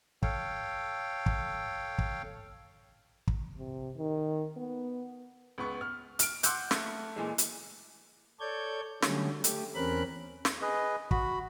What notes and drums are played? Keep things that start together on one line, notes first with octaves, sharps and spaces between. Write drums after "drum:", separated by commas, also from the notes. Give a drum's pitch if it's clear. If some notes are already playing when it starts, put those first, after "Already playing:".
A4 C#5 F5 G5, drum: kick
drum: kick
drum: kick
drum: kick
C3
D#3
B3
C#2 B3 C#6
F6
F6 D7, drum: hi-hat
F#5 C6 D6 E6 F#6 G6, drum: hi-hat
A3, drum: snare
A#2 E3 G#3
drum: hi-hat
A4 C#5 D5 G6 G#6
D3 F#3 G3 A3 C#4, drum: snare
A3 G4, drum: hi-hat
E2 C4 C#4 A#4 B5 F#6
drum: snare
G#4 B4 D#5
F#4 B5, drum: kick